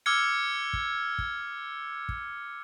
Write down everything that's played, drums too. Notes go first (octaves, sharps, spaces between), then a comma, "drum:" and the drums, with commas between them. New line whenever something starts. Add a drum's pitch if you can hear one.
D6 E6 F6 G#6 C#7
drum: kick
drum: kick
drum: kick